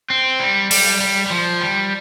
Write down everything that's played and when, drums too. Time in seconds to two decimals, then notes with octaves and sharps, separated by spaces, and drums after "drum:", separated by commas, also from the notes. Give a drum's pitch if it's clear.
0.10 C4
0.40 G3
0.71 G3, drum: open hi-hat
1.00 G3
1.26 G3
1.30 F3
1.61 G3